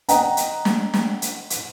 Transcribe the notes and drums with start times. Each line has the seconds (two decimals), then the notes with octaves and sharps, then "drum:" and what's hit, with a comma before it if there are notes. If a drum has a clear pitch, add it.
0.09 D#5 F#5 G5 A#5, drum: hi-hat
0.37 drum: hi-hat
0.65 drum: snare
0.94 drum: snare
1.22 drum: hi-hat
1.50 drum: hi-hat